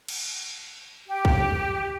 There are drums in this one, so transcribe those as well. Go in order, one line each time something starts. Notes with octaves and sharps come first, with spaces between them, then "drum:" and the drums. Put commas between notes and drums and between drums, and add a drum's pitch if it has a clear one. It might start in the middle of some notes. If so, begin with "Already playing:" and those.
drum: cymbal
G4
drum: kick